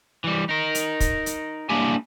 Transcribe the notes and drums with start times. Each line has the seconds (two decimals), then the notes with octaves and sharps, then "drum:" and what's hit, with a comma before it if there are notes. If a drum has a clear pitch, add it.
0.24 E3 G3
0.49 D#4 A#4
0.75 drum: hi-hat
1.00 drum: kick, hi-hat
1.26 drum: hi-hat
1.69 G3 A#3 D4 E4 G4 G#5